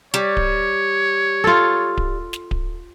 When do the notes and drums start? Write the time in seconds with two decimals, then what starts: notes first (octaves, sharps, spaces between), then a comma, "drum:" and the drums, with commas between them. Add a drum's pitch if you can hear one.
0.14 G3 C#5
0.37 drum: kick D1
1.44 F4 A4
1.97 drum: kick D1
2.33 drum: snare
2.51 drum: kick D1